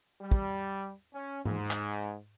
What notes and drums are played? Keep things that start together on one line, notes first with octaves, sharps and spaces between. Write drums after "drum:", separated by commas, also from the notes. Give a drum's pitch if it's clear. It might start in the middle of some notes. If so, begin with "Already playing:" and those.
G3
drum: kick
C#4
G#2, drum: tom G#2
drum: clap